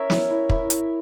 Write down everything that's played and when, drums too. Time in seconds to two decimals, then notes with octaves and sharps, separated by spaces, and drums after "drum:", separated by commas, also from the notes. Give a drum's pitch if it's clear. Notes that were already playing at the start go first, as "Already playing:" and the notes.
Already playing: C#4 A#4 C#5 E5
0.10 E4, drum: snare
0.30 E4
0.50 E4, drum: kick
0.70 drum: hi-hat